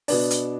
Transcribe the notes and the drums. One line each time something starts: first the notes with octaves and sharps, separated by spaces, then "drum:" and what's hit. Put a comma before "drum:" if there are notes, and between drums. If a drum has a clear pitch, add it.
B2 B3 D4, drum: open hi-hat
drum: hi-hat